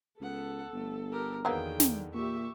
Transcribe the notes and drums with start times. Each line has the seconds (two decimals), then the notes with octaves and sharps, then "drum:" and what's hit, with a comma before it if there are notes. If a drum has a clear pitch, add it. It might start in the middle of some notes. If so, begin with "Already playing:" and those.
0.21 C#2 B3 A4 F#5
0.73 G1 A3
1.11 G4 A#4
1.45 E2 D3 D#3 F#3 A#3 B3 G#4 G5
1.80 drum: snare
2.14 A#2 G4 E5 C#6